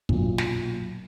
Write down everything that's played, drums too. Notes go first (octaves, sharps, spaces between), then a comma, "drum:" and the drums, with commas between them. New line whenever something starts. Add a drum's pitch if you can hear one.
B1 F#2 A#2, drum: kick
drum: snare